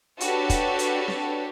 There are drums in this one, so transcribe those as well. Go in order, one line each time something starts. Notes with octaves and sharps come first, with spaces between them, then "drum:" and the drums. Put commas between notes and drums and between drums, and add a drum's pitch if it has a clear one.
D4 F#4 G4 A4 B4 C#5, drum: hi-hat
drum: kick, hi-hat
drum: hi-hat
drum: snare C4